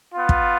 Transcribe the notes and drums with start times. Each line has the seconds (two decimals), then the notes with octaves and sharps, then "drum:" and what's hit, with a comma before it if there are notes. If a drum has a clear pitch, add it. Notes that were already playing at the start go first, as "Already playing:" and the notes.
0.11 B3 F4
0.29 drum: kick